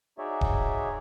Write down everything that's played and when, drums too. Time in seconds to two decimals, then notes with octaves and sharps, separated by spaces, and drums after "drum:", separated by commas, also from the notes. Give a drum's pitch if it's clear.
0.18 D#4 F#4 G#4 C#5 D5 E5
0.41 drum: kick D#1